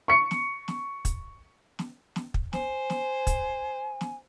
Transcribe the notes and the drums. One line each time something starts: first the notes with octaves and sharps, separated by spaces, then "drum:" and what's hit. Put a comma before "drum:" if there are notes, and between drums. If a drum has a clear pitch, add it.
C#6 C#7
drum: snare
drum: snare
drum: kick, hi-hat
drum: snare
drum: snare
drum: kick
C5 G#5, drum: snare
drum: snare
drum: kick, hi-hat
drum: snare